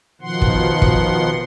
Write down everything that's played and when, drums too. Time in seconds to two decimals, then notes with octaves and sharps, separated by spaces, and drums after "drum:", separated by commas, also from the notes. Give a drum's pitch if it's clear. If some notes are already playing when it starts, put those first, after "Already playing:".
0.21 B2 D#3 F3 F#5 C6
0.42 drum: kick
0.82 drum: kick